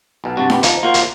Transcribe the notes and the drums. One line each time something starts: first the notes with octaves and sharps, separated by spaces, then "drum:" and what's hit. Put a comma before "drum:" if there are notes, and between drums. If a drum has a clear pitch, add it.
B1 B2
G2 C3 F#4 A5
B3 G4, drum: snare D#4
F3 D#4, drum: hi-hat
A#3 F4 F#4 C5
drum: hi-hat